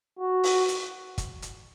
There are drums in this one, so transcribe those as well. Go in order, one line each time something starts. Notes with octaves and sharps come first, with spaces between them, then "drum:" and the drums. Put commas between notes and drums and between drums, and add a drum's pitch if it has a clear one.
F#4
drum: open hi-hat
drum: hi-hat
drum: kick, hi-hat
drum: hi-hat